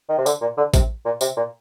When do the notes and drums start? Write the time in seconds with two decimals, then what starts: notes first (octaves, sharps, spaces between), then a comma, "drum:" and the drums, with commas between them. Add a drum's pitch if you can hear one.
0.09 D#3
0.18 C3
0.26 D3, drum: tambourine
0.41 A#2
0.57 D3
0.74 C3, drum: kick A1, tambourine
1.05 A#2
1.21 C3, drum: tambourine
1.37 A#2